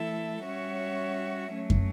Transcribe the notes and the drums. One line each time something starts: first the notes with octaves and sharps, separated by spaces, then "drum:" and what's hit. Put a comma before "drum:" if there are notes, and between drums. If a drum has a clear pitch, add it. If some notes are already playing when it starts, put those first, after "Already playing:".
Already playing: E3 A3 E4 A4 E5
G3 C#4 F#4 C#5 E5
F#3 A3 C#4
drum: kick